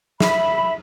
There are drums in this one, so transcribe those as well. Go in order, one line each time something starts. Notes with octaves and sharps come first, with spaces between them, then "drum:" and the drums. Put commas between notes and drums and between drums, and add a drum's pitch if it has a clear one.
E5 B5, drum: snare